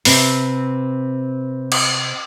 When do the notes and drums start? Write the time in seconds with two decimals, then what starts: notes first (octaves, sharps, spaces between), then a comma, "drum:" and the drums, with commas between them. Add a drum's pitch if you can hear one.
0.05 C3 C4 B4, drum: open hi-hat
1.72 drum: cymbal